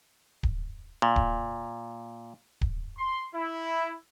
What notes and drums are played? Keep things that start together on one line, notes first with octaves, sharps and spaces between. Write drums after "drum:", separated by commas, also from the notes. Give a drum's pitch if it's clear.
drum: kick D1
A#2
drum: kick D1
drum: kick D1
C6
E4